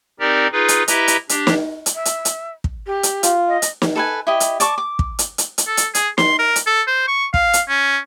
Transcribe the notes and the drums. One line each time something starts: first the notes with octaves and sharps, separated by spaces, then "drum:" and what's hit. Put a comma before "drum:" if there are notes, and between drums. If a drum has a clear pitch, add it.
C4 D#4 G4 A#4 D5
D#4 F4 G#4 B4
drum: hi-hat
E4 G4 B4 D#5 E5 A#5, drum: hi-hat
drum: hi-hat
D4 G4, drum: hi-hat
drum: snare
drum: hi-hat
E5
drum: hi-hat
drum: hi-hat
drum: kick
G4
drum: hi-hat
F4, drum: hi-hat
D#5
drum: hi-hat
drum: snare
A4 B4 G#5
E4 G4 D#5
drum: hi-hat
D5 A5 C#6 D6, drum: hi-hat
D6
drum: kick
drum: hi-hat
drum: hi-hat
drum: hi-hat
A4
drum: hi-hat
G#4, drum: hi-hat
C6, drum: snare
A#4
drum: hi-hat
A4
C5
C#6
F5, drum: kick
drum: hi-hat
C#4